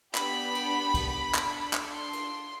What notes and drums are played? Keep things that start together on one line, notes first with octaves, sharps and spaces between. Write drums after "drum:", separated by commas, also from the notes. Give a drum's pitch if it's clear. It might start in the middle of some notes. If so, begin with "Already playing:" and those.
B3 D4 G4 B5, drum: clap
drum: cymbal
drum: kick, cymbal
D4 A4, drum: clap
drum: clap
C6
drum: cymbal